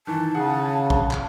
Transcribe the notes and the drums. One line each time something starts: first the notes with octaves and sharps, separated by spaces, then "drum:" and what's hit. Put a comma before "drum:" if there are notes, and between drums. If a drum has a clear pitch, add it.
D#3 E3 A5
C#3 G#4 F#5
drum: kick
drum: clap